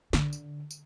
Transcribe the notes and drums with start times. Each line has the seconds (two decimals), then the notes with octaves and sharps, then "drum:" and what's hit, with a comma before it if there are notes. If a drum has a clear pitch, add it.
0.13 D3, drum: snare
0.33 drum: tambourine
0.71 drum: tambourine